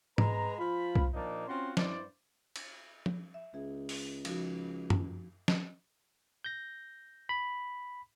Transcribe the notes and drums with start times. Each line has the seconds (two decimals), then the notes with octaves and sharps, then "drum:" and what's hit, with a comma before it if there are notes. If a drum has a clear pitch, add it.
0.18 G#3 B4 A#5, drum: tom G#2
0.59 F3 F4 B5
0.95 drum: kick B1
1.14 A#2 F3 A#3 D4 D#4
1.48 C4 C#4 F4 F#4 C6
1.77 G2 E4 C5 D5, drum: snare
2.56 drum: cymbal
3.06 drum: tom F3
3.34 E5
3.54 C#2 G#4 E5
3.89 drum: open hi-hat
4.25 F3 D#4 F#4, drum: cymbal
4.90 drum: tom
5.48 drum: snare
6.44 G6 A#6
7.29 B5